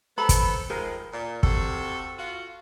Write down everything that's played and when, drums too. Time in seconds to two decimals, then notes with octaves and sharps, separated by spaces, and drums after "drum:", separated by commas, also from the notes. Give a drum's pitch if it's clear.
0.18 B3 C4 A4 B5
0.29 drum: kick, hi-hat
0.70 D#3 F3 G#3 A#4
1.13 A#2
1.43 C3 F#4 A4, drum: kick
2.18 F4 F#4